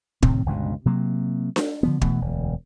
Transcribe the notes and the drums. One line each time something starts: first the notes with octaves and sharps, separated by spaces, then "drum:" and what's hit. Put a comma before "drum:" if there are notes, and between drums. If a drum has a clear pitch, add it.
A2 C3 D#3 C4, drum: kick
G1 C#2 G2 B2
C3 F#3 A#3
drum: snare D4
D3 F3 B3
B2 E3 A3, drum: kick
E1 D2